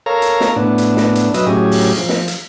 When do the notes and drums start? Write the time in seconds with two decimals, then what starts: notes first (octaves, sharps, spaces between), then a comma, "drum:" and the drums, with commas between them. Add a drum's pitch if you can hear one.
0.06 A4 A#4 C#5 F5 A#5
0.22 drum: hi-hat
0.41 drum: snare
0.56 A2 B3 D4
0.78 drum: hi-hat
0.97 drum: snare
1.15 drum: hi-hat
1.34 F#3 B4 D#5 E5, drum: hi-hat
1.46 A2 F#3 C#4 G4 G#4
1.72 drum: open hi-hat
1.98 F3
2.09 drum: snare
2.28 drum: hi-hat